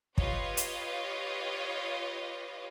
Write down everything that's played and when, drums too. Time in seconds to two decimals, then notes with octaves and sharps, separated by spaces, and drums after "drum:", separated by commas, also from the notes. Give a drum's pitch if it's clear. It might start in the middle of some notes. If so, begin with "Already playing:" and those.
0.18 F4 G4 B4 C#5 D#5 F5, drum: kick
0.57 drum: hi-hat